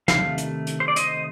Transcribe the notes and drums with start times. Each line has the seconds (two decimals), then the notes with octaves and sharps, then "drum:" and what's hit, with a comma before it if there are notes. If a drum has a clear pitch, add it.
0.08 C3 D#3 A3 F5, drum: snare
0.38 drum: hi-hat
0.67 drum: hi-hat
0.80 C5
0.88 D5
0.96 C5 D#5, drum: hi-hat